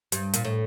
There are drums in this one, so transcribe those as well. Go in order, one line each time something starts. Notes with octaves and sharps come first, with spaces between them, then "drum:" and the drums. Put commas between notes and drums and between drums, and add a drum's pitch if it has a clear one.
G2, drum: hi-hat
A#2, drum: hi-hat
A2